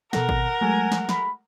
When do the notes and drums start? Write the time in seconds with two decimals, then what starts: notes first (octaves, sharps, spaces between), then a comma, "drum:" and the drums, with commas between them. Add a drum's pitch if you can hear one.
0.13 B2 A4 A#4 F#5 A#6, drum: snare
0.29 drum: kick G#1
0.61 F#3 G#3 A3 G#5
0.92 drum: snare
1.09 B5, drum: snare